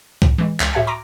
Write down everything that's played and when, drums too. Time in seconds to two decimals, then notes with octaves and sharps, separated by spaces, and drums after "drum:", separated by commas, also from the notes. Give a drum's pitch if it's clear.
0.22 A2, drum: kick C2
0.38 E3 G#3
0.60 C#2, drum: clap
0.73 A2 F#4 E5 G#5 G#6 C#7
0.87 A#5 C6 D6 A#6 D7